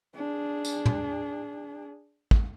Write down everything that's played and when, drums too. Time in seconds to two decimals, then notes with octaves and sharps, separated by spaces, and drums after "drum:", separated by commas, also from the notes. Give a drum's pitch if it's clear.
0.15 D4 G#4
0.65 drum: tambourine
0.86 drum: tom
2.31 drum: kick